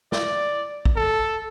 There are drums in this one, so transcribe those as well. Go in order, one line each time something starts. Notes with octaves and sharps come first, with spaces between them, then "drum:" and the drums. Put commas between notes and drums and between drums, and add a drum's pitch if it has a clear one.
D5, drum: snare
drum: kick
A4